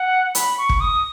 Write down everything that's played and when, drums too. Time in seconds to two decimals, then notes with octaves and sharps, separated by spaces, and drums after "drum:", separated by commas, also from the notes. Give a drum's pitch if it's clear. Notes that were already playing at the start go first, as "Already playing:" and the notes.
Already playing: F#5
0.35 B5, drum: hi-hat
0.58 C#6
0.69 drum: kick
0.81 D#6